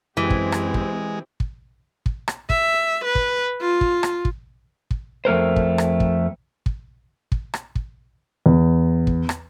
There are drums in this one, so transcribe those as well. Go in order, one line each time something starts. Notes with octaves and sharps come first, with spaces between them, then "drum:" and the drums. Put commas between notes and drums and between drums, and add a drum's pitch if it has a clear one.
F#2 E3 G#3 C4 G4
drum: kick
drum: rim click
drum: kick
drum: kick
drum: kick
drum: rim click
E5, drum: kick
B4
drum: kick
F4
drum: kick
drum: rim click
drum: kick
drum: kick
F2 A3 A#4 C5
drum: kick
drum: rim click
drum: kick
drum: kick
drum: kick
drum: rim click
drum: kick
E2
drum: kick
drum: rim click